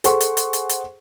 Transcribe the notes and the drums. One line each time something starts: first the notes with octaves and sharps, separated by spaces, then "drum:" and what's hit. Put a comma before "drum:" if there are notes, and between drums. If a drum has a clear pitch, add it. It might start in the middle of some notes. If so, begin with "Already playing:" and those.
G#4 A4 C5 F#5 C6 C#6, drum: hi-hat
drum: hi-hat
drum: hi-hat
drum: hi-hat
drum: hi-hat